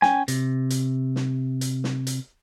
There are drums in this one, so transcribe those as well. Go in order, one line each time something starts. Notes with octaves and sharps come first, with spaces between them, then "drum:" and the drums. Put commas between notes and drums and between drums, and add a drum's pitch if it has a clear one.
C#4 G5 G#5, drum: snare
C3, drum: hi-hat
drum: hi-hat
drum: snare
drum: hi-hat
drum: snare
drum: hi-hat